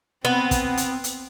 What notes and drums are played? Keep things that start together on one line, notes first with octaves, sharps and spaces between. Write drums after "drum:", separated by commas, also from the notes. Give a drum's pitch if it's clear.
B3 C4
drum: kick, hi-hat
drum: hi-hat
drum: hi-hat